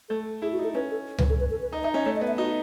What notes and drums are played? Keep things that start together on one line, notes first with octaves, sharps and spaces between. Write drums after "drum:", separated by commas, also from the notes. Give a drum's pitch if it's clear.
A3 A4
E4 G#4
F#4
D#4 A4
C#4 B4
A4
B4, drum: tom C#2
A4
B4
A4
B4
D#4 D#5
D#4 E5
C#4 D#5
A3 C#5
D#5
B3
E5
D#4 F#4